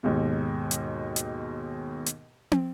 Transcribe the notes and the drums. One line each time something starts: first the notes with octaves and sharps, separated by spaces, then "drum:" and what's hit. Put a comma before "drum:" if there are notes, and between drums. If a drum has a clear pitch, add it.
D#2 G#2 B2
drum: hi-hat
drum: hi-hat
drum: hi-hat
drum: tom